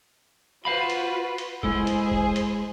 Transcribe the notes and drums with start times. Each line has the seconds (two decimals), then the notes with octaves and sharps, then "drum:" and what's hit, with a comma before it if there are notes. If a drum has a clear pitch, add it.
0.65 F4 F#4 B4 C5 F5 B5
0.90 drum: hi-hat
1.38 drum: hi-hat
1.63 G#3 E4 G#4 A4 C5, drum: kick
1.87 drum: hi-hat
2.11 drum: kick
2.36 drum: hi-hat